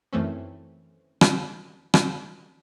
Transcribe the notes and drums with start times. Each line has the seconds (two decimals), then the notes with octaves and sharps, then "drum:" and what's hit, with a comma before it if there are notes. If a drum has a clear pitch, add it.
0.13 F#2 D#3 E3 A3 C4 C#4
1.21 drum: rim click
1.94 drum: rim click